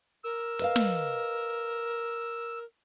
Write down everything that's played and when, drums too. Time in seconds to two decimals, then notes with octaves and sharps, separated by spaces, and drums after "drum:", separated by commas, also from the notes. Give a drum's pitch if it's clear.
0.24 A#4 E6
0.59 B4 D#5 F5, drum: hi-hat
0.76 drum: snare